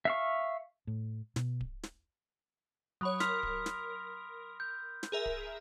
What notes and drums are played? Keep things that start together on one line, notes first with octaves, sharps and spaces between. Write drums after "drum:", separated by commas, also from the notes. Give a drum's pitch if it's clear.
E5 F5 C#6
A2
B2, drum: snare
drum: kick D1
drum: snare
F#3 C#5 B5 D#6
A#4 C6 F6 B6, drum: snare
drum: kick D1
drum: snare
G6
drum: snare
G#4 A#4 E5
drum: kick D1